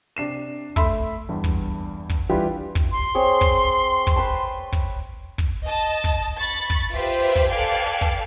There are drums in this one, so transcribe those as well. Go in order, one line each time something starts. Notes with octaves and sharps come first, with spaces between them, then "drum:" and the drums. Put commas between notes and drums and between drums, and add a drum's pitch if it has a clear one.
C3 D4 C7 E7
A3 E5 B5 C6 E6, drum: kick
E2 G2
drum: kick
drum: kick
E3 G3 D4 F4 G4 B4
drum: kick
C6
C4 G#4 C#5
drum: kick
drum: kick
B4 G5 A5
drum: kick
drum: kick
D#5 A5
drum: kick
B5 C#6 A6
drum: kick
F4 G4 B4 C5 E5
drum: kick
A4 B4 D5 F5 G5 G#5
drum: kick